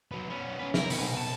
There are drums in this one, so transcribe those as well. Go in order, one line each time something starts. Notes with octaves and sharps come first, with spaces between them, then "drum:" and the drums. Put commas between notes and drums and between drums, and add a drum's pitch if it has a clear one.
F#3 B3
B3 C#4
C#4 B4
A#4, drum: snare
B2 F#5, drum: open hi-hat
A5